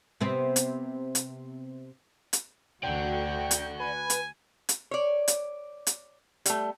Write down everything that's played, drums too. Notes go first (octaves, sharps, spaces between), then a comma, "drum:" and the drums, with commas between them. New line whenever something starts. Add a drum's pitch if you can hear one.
C3 B3 C4
drum: hi-hat
drum: hi-hat
drum: hi-hat
D2 F#4 D5 F#5 G5
drum: hi-hat
B4 G#5
drum: hi-hat
drum: hi-hat
C#5 D5
drum: hi-hat
drum: hi-hat
G3 A3, drum: hi-hat